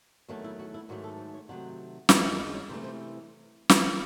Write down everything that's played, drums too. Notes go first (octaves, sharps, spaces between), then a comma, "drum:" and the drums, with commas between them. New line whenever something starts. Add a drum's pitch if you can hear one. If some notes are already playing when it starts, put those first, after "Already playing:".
E2 D#3 F#3 A3 F#4
E4
F#4
E4
G#2 D#3 F#3 A3 F#4
A4
C5
C#5
C3 D#3 F#3 A3 F#5
F#2 D#3 G#3 E5, drum: snare
E5
D#5
C#5
C3 E3 A3 C5
C5
drum: snare